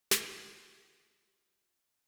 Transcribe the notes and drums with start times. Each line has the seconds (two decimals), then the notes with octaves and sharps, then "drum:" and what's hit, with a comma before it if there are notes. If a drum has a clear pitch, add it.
0.11 F4 E5, drum: snare